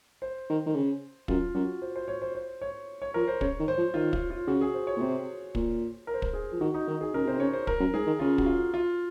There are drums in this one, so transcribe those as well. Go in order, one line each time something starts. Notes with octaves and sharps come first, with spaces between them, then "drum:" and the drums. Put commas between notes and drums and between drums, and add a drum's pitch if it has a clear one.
C5
D#3
D#3
C#3
F#2 F4, drum: kick
F#2 F#4
C5
C5
C#5
C5
C5
C#5
C#5
F3 A#4
C5
C#3 C#5, drum: kick
D#3
C5
F3
D#3 F4
F4, drum: kick
F4
C#3 F#4
G#4
C5
C#5
A#2
C3 C5
A#2, drum: kick
A#4
C5
A#4, drum: kick
G#4
F3
D#3 F#4
D#4
D#3
G#4
C#3 A#4
C3 C5
C#3 C#5
C5
A#4, drum: kick
F#2
G#2 G#4
D#3
C#3 F4
F#4, drum: kick
F4
F4